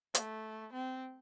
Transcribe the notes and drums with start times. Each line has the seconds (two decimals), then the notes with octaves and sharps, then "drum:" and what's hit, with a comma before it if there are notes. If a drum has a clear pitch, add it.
0.14 A3, drum: hi-hat
0.73 C4